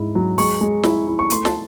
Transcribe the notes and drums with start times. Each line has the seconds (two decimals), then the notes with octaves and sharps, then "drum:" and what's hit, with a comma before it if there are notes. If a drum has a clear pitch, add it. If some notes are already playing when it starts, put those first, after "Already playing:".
Already playing: G#2 E4
0.15 F#3
0.38 G#3 C#6, drum: open hi-hat
0.61 G#3
0.83 E4, drum: snare
1.07 E4
1.19 C#6
1.30 A3 C6, drum: hi-hat
1.45 A5, drum: snare